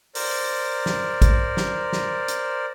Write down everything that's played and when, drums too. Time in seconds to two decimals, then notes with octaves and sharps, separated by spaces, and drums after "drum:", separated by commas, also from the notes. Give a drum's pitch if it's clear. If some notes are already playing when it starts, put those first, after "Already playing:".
0.15 A#4 C5 D5, drum: open hi-hat
0.86 drum: snare
1.22 drum: kick, hi-hat
1.57 drum: snare
1.93 drum: snare
2.28 drum: hi-hat